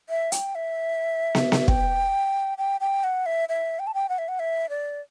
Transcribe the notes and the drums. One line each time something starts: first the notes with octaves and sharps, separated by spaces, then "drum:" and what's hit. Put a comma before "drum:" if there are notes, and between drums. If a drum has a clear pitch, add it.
E5
G5, drum: hi-hat
E5
drum: snare
drum: snare
G5, drum: kick
G5
G5
F#5
E5
E5
G5
A5
G5
F#5
E5
F#5
E5
D5